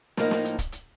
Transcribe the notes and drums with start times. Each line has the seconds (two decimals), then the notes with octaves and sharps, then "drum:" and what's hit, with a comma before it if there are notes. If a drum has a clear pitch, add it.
0.17 A2 F3 A#3 D#4, drum: snare
0.31 drum: snare
0.45 drum: hi-hat
0.59 drum: kick, hi-hat
0.72 drum: hi-hat